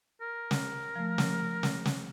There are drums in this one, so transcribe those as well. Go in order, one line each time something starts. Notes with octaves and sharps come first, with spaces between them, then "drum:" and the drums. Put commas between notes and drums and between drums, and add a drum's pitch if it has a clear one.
A#4
drum: snare
F3 A3
drum: snare
drum: snare
drum: snare